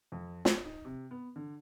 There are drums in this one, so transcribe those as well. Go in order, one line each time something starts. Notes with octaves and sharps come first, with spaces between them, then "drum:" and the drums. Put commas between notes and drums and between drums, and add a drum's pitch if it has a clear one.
F2
C#5, drum: snare
D#4
C3
B3
D3